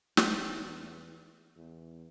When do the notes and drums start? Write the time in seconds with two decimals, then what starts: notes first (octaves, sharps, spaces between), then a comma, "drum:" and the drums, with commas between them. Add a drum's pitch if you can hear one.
0.17 E2, drum: snare
1.56 E2